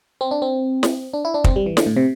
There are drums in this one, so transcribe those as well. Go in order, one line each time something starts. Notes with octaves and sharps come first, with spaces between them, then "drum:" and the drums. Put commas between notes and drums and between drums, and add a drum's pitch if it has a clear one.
C4
D4
C4
drum: snare
D4
E4
D4
C4, drum: kick
G3
E3
D3, drum: snare
A2
C3